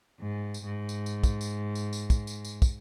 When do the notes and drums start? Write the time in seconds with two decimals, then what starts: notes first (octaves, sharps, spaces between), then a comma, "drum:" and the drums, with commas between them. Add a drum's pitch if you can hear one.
0.20 G#2
0.54 drum: tambourine
0.64 G#2
0.89 drum: tambourine
1.06 drum: tambourine
1.23 drum: kick, tambourine
1.41 drum: tambourine
1.75 drum: tambourine
1.93 drum: tambourine
2.10 drum: kick, tambourine
2.27 drum: tambourine
2.45 drum: tambourine
2.62 drum: kick, tambourine